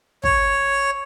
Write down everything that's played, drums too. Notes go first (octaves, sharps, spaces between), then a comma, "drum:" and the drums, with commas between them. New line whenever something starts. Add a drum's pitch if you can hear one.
C#5, drum: kick